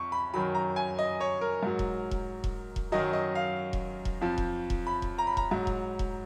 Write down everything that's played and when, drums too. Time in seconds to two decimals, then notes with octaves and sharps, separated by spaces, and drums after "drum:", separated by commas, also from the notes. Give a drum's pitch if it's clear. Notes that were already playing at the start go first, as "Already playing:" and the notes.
Already playing: F2 C#6
0.12 B5
0.34 F#2 D#3 F#3 B5
0.55 A#5
0.76 G#5
0.99 D#5
1.20 C#5
1.41 A#4
1.63 G#2 F#3
1.79 drum: kick E1
2.11 drum: kick E1
2.44 drum: kick E1
2.76 drum: kick E1
2.92 F#2 D#3 F#3 D#5
3.13 D#5
3.35 F5
3.73 drum: kick E1
4.05 drum: kick E1
4.21 F2 F3
4.38 drum: kick E1
4.70 drum: kick E1
4.87 B5
5.02 drum: kick E1
5.18 A#5
5.27 B5
5.37 A#5, drum: kick E1
5.51 G#2 F#3
5.67 drum: kick E1
5.99 drum: kick E1